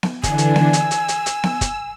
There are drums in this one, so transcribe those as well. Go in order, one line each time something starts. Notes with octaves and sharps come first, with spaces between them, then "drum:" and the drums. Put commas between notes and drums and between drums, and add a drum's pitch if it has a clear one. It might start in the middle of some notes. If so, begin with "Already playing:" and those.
drum: snare B3
D3 E3 D4 G#5, drum: kick, hi-hat
drum: hi-hat
drum: snare B3
E6, drum: hi-hat
drum: hi-hat
drum: hi-hat
drum: hi-hat
drum: snare B3
drum: kick, hi-hat